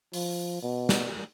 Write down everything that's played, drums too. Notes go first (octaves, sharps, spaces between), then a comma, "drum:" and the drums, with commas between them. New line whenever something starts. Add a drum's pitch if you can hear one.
F3, drum: open hi-hat
B2
drum: snare